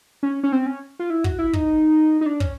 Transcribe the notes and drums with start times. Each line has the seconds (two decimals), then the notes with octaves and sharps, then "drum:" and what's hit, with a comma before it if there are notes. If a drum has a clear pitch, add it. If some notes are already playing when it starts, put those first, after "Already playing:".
0.23 C#4
0.43 C#4
0.52 C4
0.66 C#4
0.99 F4
1.10 E4
1.24 F#4, drum: kick
1.39 E4
1.53 D#4, drum: kick
2.21 D#4
2.26 D4
2.40 C#4, drum: kick